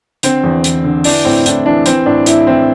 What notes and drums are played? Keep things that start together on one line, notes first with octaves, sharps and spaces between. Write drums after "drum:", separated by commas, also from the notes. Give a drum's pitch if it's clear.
D3 C4, drum: hi-hat
E2
E2, drum: hi-hat
D3
E3 D4, drum: open hi-hat
A2 C4
A2 D4, drum: hi-hat
E3 D4
E3 C4, drum: hi-hat
A2 D4
A2 E4, drum: hi-hat
E3 C4